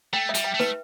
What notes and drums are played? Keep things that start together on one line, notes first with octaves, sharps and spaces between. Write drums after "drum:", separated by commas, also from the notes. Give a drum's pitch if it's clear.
A3 G5
E5
G3, drum: hi-hat
G5
A3
B4, drum: snare